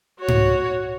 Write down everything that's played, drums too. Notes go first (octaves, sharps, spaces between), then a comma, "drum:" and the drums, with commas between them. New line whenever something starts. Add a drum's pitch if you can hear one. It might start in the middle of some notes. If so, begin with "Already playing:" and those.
F#4 C#5
drum: tom G#2